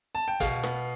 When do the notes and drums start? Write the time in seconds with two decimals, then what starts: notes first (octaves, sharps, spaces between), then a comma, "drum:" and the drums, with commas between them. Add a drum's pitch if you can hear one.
0.15 A5
0.28 G5
0.40 B2 F5, drum: kick, hi-hat
0.63 B3, drum: rim click